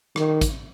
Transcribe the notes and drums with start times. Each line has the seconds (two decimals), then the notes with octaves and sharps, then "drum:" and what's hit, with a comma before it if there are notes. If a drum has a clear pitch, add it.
0.16 D#3, drum: rim click
0.41 drum: kick, hi-hat